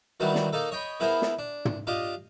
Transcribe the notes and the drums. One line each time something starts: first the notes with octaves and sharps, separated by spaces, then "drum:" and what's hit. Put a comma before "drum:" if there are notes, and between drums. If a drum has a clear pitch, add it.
D#3 E3 F#3 G3 D4 F#4
drum: snare
A#3 D#4 A4
C#5 D#5 G5 B5
B3 E4 G#4 A#4 C5
drum: snare
D4
drum: tom
D4 F4 G4 D#5